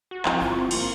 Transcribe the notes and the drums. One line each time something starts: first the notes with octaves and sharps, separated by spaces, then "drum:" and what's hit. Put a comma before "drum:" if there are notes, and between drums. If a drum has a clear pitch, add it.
F#4
F3 C4 E4 C6, drum: clap
G1 F4
G1 C4 C#6
A#3, drum: cymbal